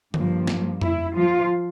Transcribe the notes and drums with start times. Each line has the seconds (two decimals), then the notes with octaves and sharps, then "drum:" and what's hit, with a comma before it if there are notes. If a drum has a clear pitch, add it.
0.14 G2 F3 A#3, drum: tom D3
0.47 drum: snare
0.82 E4, drum: tom F2
1.15 F3 F4